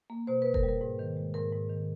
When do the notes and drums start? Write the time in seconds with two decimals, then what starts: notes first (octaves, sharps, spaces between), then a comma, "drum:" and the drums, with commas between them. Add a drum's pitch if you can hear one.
0.10 A#3
0.27 B2 C5
0.42 B2 B4
0.54 A#4, drum: kick F1
0.63 G3
0.69 A#4
0.81 G#2
0.99 D#3
1.17 G#3
1.34 G#2 A#4
1.53 G#2
1.70 D#3